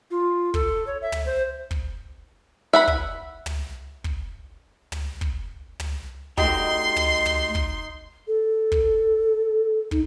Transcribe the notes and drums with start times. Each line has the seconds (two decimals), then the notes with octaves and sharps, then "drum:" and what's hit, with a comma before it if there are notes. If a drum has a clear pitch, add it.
0.11 F4
0.54 A4, drum: kick
0.87 C#5
1.02 E5
1.12 drum: tom
1.26 C5
1.71 drum: kick
2.73 E5 F#5 B5
2.87 drum: kick
3.46 drum: tom
4.04 drum: kick
4.92 drum: tom
5.21 drum: kick
5.80 drum: tom
6.38 A3 D#4 F#4 G4 C6, drum: kick
6.96 drum: tom
7.26 drum: tom
7.55 drum: kick
8.28 A4
8.72 drum: kick
9.91 D#4, drum: kick